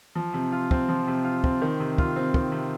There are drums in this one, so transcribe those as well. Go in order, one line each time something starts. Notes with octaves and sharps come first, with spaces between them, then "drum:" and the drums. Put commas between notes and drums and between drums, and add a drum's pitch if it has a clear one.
F3
C3
F4
C4, drum: kick
F3
C3
F4
C4, drum: kick
D#3
C3
F4, drum: kick
C4
D#3, drum: kick
C3